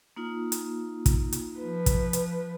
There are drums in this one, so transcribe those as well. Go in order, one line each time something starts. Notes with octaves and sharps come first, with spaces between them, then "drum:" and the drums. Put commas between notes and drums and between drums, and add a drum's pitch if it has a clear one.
A#3 D#4 F4
drum: hi-hat
drum: kick, hi-hat
drum: hi-hat
F3 B4
drum: kick, hi-hat
drum: hi-hat